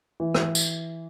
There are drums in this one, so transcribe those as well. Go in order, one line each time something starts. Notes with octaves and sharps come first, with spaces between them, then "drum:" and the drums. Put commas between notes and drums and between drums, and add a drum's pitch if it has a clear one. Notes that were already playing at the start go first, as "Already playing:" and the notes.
E3
E3, drum: rim click
drum: tambourine